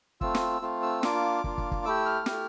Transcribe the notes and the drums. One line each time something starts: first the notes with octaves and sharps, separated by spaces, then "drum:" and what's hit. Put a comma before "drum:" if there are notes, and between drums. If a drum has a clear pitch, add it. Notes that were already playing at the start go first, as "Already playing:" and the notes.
A3 C4 F4 E6, drum: kick
drum: snare
A3 C4 F4
E6
A#3 D4 F4 D6, drum: snare
A#3 D4 F4, drum: kick
drum: kick
drum: kick
A3 E4 G4 E6
F6
A3 E4 G4, drum: snare